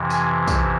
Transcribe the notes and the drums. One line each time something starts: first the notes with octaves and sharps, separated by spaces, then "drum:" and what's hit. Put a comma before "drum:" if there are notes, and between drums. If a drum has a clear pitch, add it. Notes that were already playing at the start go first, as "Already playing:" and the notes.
Already playing: F2 C3 E3
G#5, drum: tambourine
drum: kick, tambourine